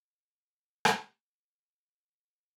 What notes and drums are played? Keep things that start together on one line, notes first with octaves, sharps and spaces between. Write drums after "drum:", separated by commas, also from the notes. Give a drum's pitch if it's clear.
A#3
drum: rim click
E4
D#2